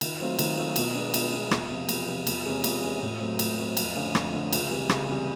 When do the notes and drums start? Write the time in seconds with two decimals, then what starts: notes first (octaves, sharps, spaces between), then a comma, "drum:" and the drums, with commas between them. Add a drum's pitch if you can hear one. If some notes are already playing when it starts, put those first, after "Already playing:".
0.01 D#3, drum: cymbal
0.20 F#3 A3 C4 F4
0.39 D#3, drum: cymbal
0.57 F#3 A3 C4 F4
0.76 B2, drum: cymbal
0.95 G#3 B3 D4
1.14 B2, drum: cymbal
1.32 G#3 B3 D4
1.51 E2, drum: rim click
1.70 C3 F3
1.89 E2, drum: cymbal
2.08 C3 F3
2.27 E2, drum: cymbal
2.45 C3 E3 G#3 C#4
2.64 E2, drum: cymbal
2.82 C3 E3 G#3 C#4
3.02 A2
3.20 F#3 A3 C4
3.39 A2, drum: cymbal
3.58 F#3 A3 C4
3.77 F2, drum: cymbal
3.95 D3 F3 A3 C#4
4.15 F2, drum: rim click
4.34 D3 F3 A3 C#4
4.53 C#2, drum: cymbal
4.71 C3 E3 G3
4.89 C#2, drum: rim click
5.08 C3 E3 G3